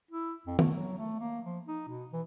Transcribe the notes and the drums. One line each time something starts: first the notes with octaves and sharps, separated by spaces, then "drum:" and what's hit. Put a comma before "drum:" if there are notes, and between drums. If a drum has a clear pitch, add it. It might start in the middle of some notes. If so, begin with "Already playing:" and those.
E4
F2
A3, drum: tom D#3
F#3
A3
A#3
F3
D#4
B2
E3